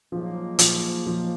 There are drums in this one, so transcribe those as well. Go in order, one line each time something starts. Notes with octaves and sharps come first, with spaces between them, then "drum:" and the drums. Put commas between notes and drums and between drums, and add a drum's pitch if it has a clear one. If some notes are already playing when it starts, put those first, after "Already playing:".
G#2 F3 F#3 A#3
F3, drum: hi-hat
F3